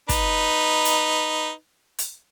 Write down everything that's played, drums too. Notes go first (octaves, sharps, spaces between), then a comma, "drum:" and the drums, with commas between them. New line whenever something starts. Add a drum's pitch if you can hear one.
D#4 B4, drum: kick, hi-hat
drum: hi-hat
drum: hi-hat